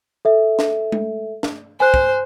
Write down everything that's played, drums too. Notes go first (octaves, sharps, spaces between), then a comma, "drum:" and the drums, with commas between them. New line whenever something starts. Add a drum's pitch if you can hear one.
A4 E5
drum: snare
drum: tom G#3
drum: snare
C5 G#5 F#6
drum: kick